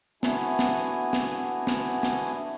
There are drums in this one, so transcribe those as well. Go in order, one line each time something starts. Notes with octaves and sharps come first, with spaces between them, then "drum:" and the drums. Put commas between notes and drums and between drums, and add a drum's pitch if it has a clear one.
A3 B3 D4 E4 F#4 G#5, drum: snare
drum: snare
drum: snare
drum: snare
drum: snare